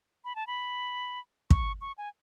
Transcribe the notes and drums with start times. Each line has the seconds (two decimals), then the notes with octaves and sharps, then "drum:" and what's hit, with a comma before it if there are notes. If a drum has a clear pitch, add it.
0.25 B5
0.36 A5
0.47 B5
1.50 C#6, drum: kick
1.81 C#6
1.98 G#5